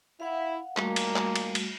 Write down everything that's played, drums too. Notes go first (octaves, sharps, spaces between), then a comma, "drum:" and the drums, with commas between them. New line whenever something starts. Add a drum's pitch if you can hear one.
E4 F5 F#5
A#2 D#3 G3 A3 A#3 F#4, drum: clap
drum: cymbal
drum: clap
drum: cymbal
drum: cymbal